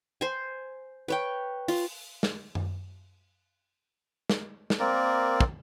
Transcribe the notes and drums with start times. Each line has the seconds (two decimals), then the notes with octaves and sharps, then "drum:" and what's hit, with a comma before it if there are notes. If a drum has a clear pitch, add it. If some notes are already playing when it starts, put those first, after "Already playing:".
0.21 C5 G#5
1.08 B4 C#5 G5
1.68 F4, drum: open hi-hat
2.23 drum: snare
2.55 drum: tom F#2
4.30 drum: snare
4.70 drum: snare
4.79 A#3 C4 A#4 D5
5.40 drum: kick